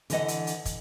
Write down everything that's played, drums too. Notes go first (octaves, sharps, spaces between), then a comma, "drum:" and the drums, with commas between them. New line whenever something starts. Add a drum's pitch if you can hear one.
D3 E3 D#5 F#5, drum: hi-hat
drum: hi-hat
drum: hi-hat
drum: kick, hi-hat